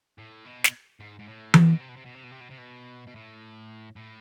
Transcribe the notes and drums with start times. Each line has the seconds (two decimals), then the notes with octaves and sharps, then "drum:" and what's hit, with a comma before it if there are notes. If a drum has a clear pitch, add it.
0.18 A2
0.46 B2
0.64 drum: snare
1.00 G#2
1.19 G#2
1.27 A2
1.54 B2, drum: tom E3
1.63 C3
1.71 B2
1.80 C3
1.89 B2
1.97 C3
2.06 B2
2.15 C3
2.24 B2
2.31 C3
2.41 B2
2.50 C3
2.58 B2
3.07 B2
3.15 A2
3.96 A2